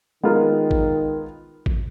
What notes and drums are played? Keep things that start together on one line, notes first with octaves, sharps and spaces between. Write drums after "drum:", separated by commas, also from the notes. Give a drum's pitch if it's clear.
D#3 G#3 B3 F4 A#4
drum: kick A1
drum: kick A1